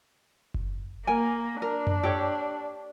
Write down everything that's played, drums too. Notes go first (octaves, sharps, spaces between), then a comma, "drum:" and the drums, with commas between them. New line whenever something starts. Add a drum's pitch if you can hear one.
drum: kick F#1
A#3 A#4 G#5
D4 A#4
drum: tom F#2
G4 A4 C#5